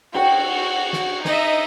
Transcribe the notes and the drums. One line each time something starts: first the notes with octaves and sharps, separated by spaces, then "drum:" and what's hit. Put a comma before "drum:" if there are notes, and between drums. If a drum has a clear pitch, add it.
F#4 G5, drum: cymbal
drum: snare
D#4 D#5 E5, drum: snare